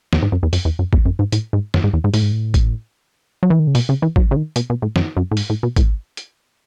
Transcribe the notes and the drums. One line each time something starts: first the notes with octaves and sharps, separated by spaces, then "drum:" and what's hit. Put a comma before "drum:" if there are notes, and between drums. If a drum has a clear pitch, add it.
E2, drum: snare
G#2
F#2
E2
F#2, drum: open hi-hat
E2
F#2
E2, drum: kick G#1
F#2
G#2
A2, drum: hi-hat
G#2
F#2, drum: snare
G#2
E2
G#2
A2, drum: open hi-hat
G#2
A2
drum: kick G#1, hi-hat
F#3
E3
D#3
C#3
B2, drum: open hi-hat
C#3
E3
F#3, drum: kick G#1
C#3
D#3
B2, drum: hi-hat
B2
A2
F#2, drum: snare
F#2
A2
G#2, drum: open hi-hat
A2
B2
A2, drum: kick G#1, hi-hat
drum: hi-hat